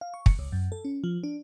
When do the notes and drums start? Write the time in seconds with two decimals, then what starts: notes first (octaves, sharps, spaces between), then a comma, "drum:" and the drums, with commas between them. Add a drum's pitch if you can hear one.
0.01 F5
0.14 C#6
0.26 C#7, drum: kick
0.39 C#2
0.52 F#2
0.72 A4
0.85 C#4
1.04 F3
1.24 D4